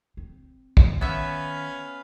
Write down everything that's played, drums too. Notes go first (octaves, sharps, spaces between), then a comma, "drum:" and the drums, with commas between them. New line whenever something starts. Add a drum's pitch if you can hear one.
C4
drum: kick A#1
D#3 B3 C#4 B4 E5 F5